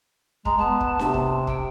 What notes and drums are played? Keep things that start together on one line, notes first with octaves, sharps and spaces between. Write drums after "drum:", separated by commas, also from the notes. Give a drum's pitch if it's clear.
G#3 A#5, drum: kick
B3 A5
drum: kick
C3, drum: snare D4
drum: kick
G5, drum: kick